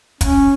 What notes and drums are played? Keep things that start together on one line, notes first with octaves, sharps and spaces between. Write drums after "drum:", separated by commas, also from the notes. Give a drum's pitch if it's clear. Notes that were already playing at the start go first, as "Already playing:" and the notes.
C#4, drum: kick, hi-hat